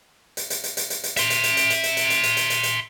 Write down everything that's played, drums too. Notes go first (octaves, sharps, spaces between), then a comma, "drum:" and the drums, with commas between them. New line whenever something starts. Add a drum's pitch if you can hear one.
drum: hi-hat
drum: hi-hat
drum: hi-hat
drum: hi-hat
drum: hi-hat
drum: hi-hat
E5 C6, drum: hi-hat
drum: hi-hat
drum: hi-hat
drum: hi-hat
drum: hi-hat
drum: hi-hat
drum: hi-hat
drum: hi-hat
drum: hi-hat
drum: hi-hat
drum: hi-hat
drum: hi-hat